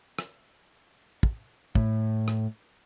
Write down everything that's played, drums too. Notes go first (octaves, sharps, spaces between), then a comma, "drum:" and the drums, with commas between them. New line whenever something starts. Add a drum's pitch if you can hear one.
drum: rim click
drum: kick
A2, drum: kick
drum: rim click